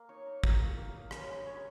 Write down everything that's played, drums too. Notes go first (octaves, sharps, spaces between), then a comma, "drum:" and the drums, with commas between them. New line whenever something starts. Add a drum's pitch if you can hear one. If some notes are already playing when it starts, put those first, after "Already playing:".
Already playing: A#3
D#4 C#5
D#4
A#3, drum: kick
A#3
A#3
D#4
C#4 B4, drum: rim click
G#3
G#3 C#5